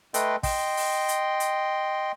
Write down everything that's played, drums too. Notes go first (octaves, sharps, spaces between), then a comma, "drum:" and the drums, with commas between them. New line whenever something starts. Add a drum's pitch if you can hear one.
A3 A4 B4 D#5 G5 C6, drum: hi-hat
D#5 G5 C6, drum: kick, open hi-hat
drum: open hi-hat
drum: hi-hat
drum: hi-hat